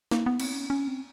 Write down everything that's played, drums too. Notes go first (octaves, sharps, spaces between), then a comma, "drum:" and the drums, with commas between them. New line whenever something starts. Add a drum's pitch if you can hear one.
A#3, drum: snare
B3
C4, drum: cymbal
C#4
C#4
C4